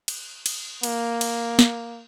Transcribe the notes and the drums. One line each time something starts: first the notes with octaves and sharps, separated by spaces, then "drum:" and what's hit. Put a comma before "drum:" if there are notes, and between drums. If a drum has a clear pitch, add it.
drum: cymbal
drum: cymbal
A#3, drum: cymbal
drum: cymbal
drum: snare